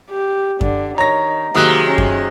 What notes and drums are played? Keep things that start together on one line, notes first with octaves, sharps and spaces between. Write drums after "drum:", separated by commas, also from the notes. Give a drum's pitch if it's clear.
G4
D3, drum: kick F#2
D#3 C#5 A#5 A#6
C3 D#3 F#3 G#3 A#3 D#6 F#6
C#4
drum: kick F#2